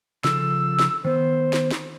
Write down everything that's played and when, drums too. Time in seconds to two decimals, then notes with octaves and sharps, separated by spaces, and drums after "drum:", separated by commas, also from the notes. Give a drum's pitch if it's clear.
0.24 C#3 F3 A4 E6, drum: snare
0.79 drum: snare
1.05 D#3 B3 C5
1.53 drum: snare
1.71 drum: snare